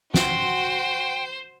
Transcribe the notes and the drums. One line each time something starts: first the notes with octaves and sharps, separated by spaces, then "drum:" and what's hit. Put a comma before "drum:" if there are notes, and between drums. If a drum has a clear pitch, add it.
F#4 C5 G5 C6, drum: snare